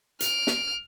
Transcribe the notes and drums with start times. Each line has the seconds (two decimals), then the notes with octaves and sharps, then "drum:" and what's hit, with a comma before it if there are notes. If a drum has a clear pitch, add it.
0.20 F6 D7, drum: hi-hat
0.47 drum: snare